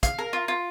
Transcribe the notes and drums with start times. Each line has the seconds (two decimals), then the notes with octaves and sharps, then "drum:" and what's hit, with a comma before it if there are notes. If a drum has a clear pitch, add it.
0.03 F5, drum: kick, hi-hat
0.19 A#4
0.33 F4
0.48 F4